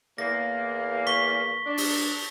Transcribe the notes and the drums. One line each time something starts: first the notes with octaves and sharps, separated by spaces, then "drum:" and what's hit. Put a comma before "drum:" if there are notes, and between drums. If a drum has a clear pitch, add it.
E2 A#3 A#6
C#6 B6 G7
D4
drum: open hi-hat